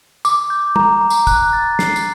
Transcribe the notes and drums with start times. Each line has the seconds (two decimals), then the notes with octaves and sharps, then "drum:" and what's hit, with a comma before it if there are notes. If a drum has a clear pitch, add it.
0.25 D6, drum: tambourine
0.50 G6
0.76 A#5, drum: tom
1.01 A#5
1.10 drum: tambourine
1.27 F#6, drum: kick, tambourine
1.53 A6
1.79 C7, drum: snare
1.96 drum: tambourine